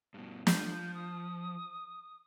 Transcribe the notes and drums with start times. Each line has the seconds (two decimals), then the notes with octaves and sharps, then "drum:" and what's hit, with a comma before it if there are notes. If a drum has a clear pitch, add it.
0.14 G2 B2
0.47 F3 G6, drum: snare
0.95 D#6